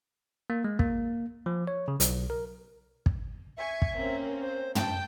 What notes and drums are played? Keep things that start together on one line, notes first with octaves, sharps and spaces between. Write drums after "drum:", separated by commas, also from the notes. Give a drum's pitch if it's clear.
A#3
G#3
A#3, drum: kick
F3
C#5
C#3
B1, drum: hi-hat
A#4
drum: kick
E5 G#5 C#6 G#6
drum: kick
A#3 C4 C#4
C5
G5 A5 G6, drum: tom